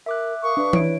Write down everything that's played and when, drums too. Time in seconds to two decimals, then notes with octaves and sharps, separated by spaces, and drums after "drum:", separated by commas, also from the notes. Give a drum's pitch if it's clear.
0.06 A#4 E5 D6 F#6
0.43 A#4 F5 C#6 D#6
0.57 D4 B4
0.73 E4 C#5 D7, drum: tom E3